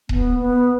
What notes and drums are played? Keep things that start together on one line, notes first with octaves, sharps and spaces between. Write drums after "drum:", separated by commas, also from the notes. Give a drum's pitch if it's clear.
B3, drum: kick D#1
B3